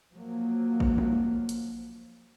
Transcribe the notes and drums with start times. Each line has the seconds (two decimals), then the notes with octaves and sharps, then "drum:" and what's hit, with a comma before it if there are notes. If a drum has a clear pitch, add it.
0.12 F3 F#3 A#3
0.80 drum: kick A1
0.98 drum: tom F#3
1.49 drum: hi-hat